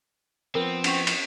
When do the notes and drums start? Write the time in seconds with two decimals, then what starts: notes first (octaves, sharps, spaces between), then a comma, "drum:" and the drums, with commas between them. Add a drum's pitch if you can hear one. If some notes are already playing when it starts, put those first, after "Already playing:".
0.55 F3 B3 C4 A#4 B4
0.84 C#4 F#5 C#6, drum: cymbal
1.07 drum: cymbal